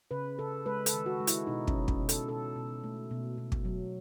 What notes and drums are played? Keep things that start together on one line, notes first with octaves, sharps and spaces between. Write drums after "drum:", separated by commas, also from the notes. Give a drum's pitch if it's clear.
C#3 B4
C#3 A4
G#3 B4
A4, drum: hi-hat
D#3
F#4
G#3
E4, drum: hi-hat
B2 D#4
C#4, drum: kick
B2
C#4, drum: kick
B2
A4, drum: hi-hat
B2 A4
B2
A3
B2
B2
drum: kick
F#3